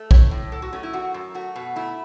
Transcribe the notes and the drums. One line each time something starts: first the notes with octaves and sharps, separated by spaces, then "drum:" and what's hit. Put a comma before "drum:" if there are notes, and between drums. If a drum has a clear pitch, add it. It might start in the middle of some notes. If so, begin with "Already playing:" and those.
Already playing: A3
A2 C#5, drum: kick
A2
F#3 A4
F#4
A3 C#4
E4
F#2 F#4
F#2
A3 F#4
B2
A3 E4